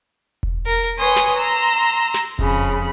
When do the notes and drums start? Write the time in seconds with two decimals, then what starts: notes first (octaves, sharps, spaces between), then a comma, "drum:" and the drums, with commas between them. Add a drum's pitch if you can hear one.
0.43 drum: kick E1
0.65 A#4
0.97 B4 C#5 G#5 C6 D#6
1.16 drum: snare
1.37 A#5 C6 E6
2.14 drum: snare
2.39 F2 C#3 B5, drum: kick E1